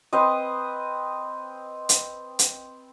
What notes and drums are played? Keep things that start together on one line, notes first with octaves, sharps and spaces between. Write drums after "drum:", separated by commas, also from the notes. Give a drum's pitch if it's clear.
C4 B4 D#5
drum: hi-hat
drum: hi-hat